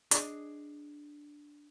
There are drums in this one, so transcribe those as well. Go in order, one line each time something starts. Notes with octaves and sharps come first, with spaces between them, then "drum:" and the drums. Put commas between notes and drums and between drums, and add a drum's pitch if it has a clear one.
D4 G#4 D#5, drum: hi-hat